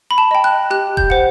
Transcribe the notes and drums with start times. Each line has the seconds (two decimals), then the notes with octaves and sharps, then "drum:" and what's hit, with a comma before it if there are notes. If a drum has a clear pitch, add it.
0.11 B5
0.18 A5
0.31 D#5 G5
0.44 F#6
0.71 G4 F#6
0.97 G6, drum: kick E1
1.10 C5 F#5